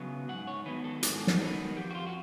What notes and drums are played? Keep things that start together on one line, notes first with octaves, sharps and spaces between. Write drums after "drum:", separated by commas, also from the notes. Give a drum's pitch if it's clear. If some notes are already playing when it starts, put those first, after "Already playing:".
Already playing: C#3 F#3 B3
G#2 F#5
C#5
D#3 F#3 B3 B4
A4
G#2, drum: hi-hat
drum: snare
D#3 F#3 B3
F2 G4
F#4
F4
F#4